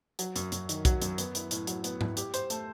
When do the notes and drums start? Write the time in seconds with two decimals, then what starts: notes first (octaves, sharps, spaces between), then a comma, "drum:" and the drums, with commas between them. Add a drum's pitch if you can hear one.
0.19 F#3, drum: hi-hat
0.36 F#2, drum: hi-hat
0.52 F#2, drum: hi-hat
0.69 D#3, drum: hi-hat
0.85 F#3, drum: kick B1, hi-hat
1.02 F#2, drum: hi-hat
1.18 B3, drum: hi-hat
1.35 E4, drum: hi-hat
1.51 A2, drum: hi-hat
1.67 F#3, drum: hi-hat
1.84 B3, drum: hi-hat
2.01 E4, drum: tom G#2
2.17 G4, drum: hi-hat
2.34 C5, drum: hi-hat
2.50 A3, drum: hi-hat